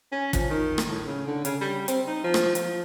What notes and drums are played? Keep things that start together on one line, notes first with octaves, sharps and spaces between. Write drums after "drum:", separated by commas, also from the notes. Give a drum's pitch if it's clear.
C#4
F3, drum: kick, hi-hat
D#3
drum: rim click
A2
C#3
D3
C#3, drum: hi-hat
G3
C4, drum: hi-hat
D#4
F3
drum: rim click
F3, drum: hi-hat